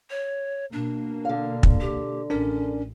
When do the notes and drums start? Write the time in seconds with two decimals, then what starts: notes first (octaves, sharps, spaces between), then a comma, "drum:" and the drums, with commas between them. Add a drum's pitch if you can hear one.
0.10 C#5
0.72 B2 A#3 D4
1.25 D3 F5
1.63 drum: kick
1.80 G4
2.30 A1 C#4 D4 A#4 D5